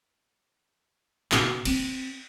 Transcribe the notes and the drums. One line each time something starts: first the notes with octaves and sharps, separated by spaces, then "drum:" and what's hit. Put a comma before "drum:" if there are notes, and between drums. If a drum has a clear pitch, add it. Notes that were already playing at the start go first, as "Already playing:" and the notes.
B2, drum: clap
C4, drum: cymbal